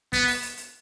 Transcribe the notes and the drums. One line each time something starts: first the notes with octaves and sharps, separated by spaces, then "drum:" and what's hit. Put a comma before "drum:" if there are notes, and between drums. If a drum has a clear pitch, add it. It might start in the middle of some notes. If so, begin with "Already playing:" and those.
B3, drum: kick, hi-hat
drum: open hi-hat
drum: hi-hat
drum: hi-hat